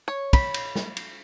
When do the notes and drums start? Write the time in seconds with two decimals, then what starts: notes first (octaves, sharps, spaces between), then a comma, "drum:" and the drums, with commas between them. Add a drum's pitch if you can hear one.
0.08 C#5
0.33 B5, drum: kick, cymbal
0.54 drum: cymbal
0.75 drum: snare
0.97 drum: cymbal